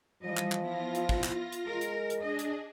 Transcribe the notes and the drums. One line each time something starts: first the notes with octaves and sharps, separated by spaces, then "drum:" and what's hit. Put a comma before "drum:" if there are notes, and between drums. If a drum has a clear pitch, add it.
E3 F3 G3 D#5
drum: clap
drum: clap
B3 E4 F4 A#6
drum: hi-hat
drum: kick
drum: clap
drum: hi-hat
G#3 A#4
drum: hi-hat
drum: hi-hat
D4 G#4 D#5
drum: hi-hat